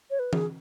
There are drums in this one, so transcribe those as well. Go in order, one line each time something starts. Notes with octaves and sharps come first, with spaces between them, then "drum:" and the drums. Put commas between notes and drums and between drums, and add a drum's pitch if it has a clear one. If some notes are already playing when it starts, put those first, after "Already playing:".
C#5
B4
G#4, drum: tom E3